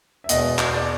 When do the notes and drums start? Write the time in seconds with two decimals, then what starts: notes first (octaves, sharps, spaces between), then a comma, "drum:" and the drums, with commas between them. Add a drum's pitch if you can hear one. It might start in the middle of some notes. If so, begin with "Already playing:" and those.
0.24 E5
0.29 E1 E2 B2 D#5, drum: hi-hat
0.59 drum: clap
0.74 D5